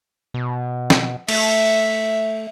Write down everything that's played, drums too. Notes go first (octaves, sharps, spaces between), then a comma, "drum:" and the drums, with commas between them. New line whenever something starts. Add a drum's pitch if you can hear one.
B2
drum: snare
A3 E5, drum: cymbal